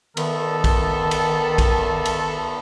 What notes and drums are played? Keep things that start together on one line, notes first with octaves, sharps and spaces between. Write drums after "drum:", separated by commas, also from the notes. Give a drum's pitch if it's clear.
D#3 B3 A4, drum: cymbal
drum: kick A#1, cymbal
drum: cymbal
drum: kick A#1, cymbal
drum: cymbal